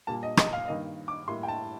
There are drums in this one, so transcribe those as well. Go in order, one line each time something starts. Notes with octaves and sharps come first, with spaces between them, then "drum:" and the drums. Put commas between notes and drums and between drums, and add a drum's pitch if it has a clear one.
A#2 G3 A#3 A5
D#5
D#5, drum: rim click
F5
G2 D#3 A#3 D#5
D6
A2 G3 A#3 C6
G5
A5